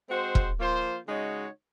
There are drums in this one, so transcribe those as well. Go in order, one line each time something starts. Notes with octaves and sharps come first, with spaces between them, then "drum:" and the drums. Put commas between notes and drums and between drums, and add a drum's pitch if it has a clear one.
G#3 C4 F#4 C5
drum: kick E1
F3 A#3 F4 C5
C#3 G#3 D#4 F#4 C#5